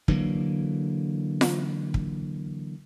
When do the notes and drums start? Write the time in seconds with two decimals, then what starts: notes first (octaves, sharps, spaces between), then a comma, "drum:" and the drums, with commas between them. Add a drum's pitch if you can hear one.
0.08 D3 E3 F#3 A#3, drum: kick
1.41 drum: snare F4
1.94 drum: kick